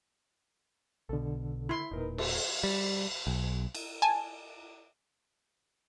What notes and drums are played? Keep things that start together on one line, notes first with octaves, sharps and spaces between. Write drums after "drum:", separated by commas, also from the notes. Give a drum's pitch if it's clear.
B1 B2 D3 A4
E4 C6
E1 A#2 D#4 A#4 B4
A4, drum: cymbal
G3
B1
drum: cymbal
G#5 A5